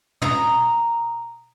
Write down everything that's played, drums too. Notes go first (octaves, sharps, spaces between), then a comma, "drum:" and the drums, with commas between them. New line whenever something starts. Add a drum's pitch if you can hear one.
A#5 D#6, drum: tom